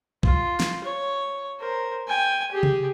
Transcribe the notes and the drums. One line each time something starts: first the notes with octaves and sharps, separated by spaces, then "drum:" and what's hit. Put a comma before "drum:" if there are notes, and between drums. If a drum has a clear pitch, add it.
F4, drum: kick
drum: snare
C#5
A#4 C5
G5 G#5
G4 G#4
drum: tom C3